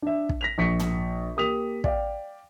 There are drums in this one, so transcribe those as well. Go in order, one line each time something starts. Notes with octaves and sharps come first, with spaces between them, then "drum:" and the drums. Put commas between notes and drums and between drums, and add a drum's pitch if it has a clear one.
D4 E5
drum: kick
A#6 B6 F7
A#1 C#6 B6 C#7
drum: tom
A#3 G4 D#6 B6 F7
D5 F5 G5, drum: kick